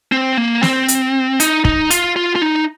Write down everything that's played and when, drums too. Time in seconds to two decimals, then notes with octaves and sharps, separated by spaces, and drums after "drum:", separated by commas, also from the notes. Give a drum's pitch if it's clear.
0.12 C4
0.37 A#3
0.63 C4, drum: snare
0.88 drum: hi-hat
1.40 D#4, drum: hi-hat
1.65 D#4, drum: kick
1.90 F4, drum: hi-hat
2.16 F4
2.36 F4
2.42 D#4